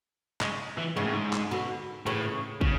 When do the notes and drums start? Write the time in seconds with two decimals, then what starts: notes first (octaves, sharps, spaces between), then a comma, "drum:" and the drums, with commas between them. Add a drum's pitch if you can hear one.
0.41 C#3 G#3, drum: clap
0.78 E3
0.96 G#2 C#3
1.04 A2
1.13 G#2
1.33 drum: clap
1.51 B2 D3
2.06 A2 C#3 E3
2.61 C#3, drum: kick